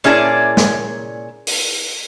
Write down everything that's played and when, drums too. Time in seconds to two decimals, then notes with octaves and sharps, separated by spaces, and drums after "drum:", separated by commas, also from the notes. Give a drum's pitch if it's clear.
0.04 A#2 C#4 E4 G#4 D5 A5
0.57 drum: snare
1.47 drum: open hi-hat